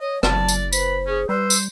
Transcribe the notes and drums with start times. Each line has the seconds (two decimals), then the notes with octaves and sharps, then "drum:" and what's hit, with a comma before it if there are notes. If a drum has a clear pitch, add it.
0.01 C#5 D#5
0.23 F#1 F#3 D5 A5, drum: rim click
0.48 drum: tambourine
0.73 B4 C5 B5, drum: tambourine
1.07 C#4 G#4
1.29 G3 B4 C5 E6
1.50 drum: tambourine